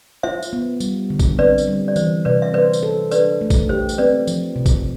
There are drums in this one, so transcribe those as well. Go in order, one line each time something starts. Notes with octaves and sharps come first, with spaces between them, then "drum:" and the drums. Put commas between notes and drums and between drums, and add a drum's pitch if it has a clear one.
F4 C5 E5
drum: tambourine
B3
G3, drum: tambourine
D3
drum: kick, tambourine
C4 B4 D5
drum: tambourine
G3
D5
E3 C5, drum: tambourine
C3 B4 D5
E5
B4 C5 D5
drum: tambourine
A4
D4 B4 D5, drum: tambourine
A3
drum: kick, tambourine
G4 C5
drum: tambourine
C4 B4 D5
F3, drum: tambourine
C3
drum: kick, tambourine